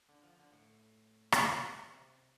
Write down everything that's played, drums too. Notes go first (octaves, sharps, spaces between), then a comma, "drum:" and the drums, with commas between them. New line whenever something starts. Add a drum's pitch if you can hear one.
D3
F3
D3
A2
drum: rim click
C3